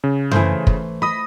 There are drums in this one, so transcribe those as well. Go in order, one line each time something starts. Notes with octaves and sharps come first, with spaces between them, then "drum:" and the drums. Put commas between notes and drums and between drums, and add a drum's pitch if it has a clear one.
C#3
E3 A3 C5, drum: tom F#2
drum: kick
D#5 B5 D#6